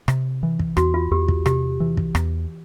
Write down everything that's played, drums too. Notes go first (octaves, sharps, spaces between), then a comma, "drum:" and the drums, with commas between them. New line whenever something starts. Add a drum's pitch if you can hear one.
C3, drum: rim click
E3
drum: kick
E2 F#4, drum: rim click
F4
E2 G4
drum: kick
C3 G4, drum: rim click
E3
drum: kick
E2, drum: rim click